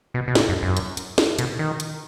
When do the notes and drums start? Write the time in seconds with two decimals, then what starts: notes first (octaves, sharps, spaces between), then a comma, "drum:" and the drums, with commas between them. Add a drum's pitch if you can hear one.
0.14 B2
0.28 B2
0.35 A#2, drum: snare
0.49 F#2
0.63 F#2
0.77 drum: hi-hat
0.97 drum: hi-hat
1.18 drum: snare
1.39 B2, drum: hi-hat
1.59 D#3
1.80 drum: hi-hat